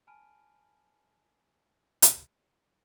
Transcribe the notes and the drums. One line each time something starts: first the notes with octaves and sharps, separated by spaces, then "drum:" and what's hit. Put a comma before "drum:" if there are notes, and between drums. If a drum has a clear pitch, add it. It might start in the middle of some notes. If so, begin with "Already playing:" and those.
G#5 A5 B5 F6 D7 D#7
drum: hi-hat